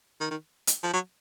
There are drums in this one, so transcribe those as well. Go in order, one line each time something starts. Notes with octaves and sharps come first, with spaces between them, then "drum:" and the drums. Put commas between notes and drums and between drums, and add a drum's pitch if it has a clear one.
D#3
D#3
drum: hi-hat
F3
F#3